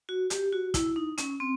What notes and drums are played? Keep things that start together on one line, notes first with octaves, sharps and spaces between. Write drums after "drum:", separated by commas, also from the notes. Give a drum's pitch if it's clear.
F#4
G4, drum: hi-hat
F#4
E4, drum: kick, hi-hat
D#4
C#4, drum: hi-hat
C4